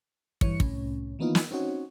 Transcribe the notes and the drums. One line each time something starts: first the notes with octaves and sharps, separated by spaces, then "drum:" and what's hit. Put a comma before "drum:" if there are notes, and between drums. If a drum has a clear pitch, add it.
G2 E3 C#5 C#7, drum: kick
C2 A2 C#4, drum: kick
D#3 E3 A#3 B3 D#4 F4
drum: snare
C4 C#4 D#4 F#4 C#5